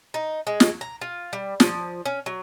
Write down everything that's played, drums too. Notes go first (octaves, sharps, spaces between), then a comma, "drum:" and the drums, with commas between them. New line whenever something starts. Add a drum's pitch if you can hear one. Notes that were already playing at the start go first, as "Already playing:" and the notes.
D#4
G#3
drum: snare
A#5
F4
G3
F3, drum: snare
C#4
F#3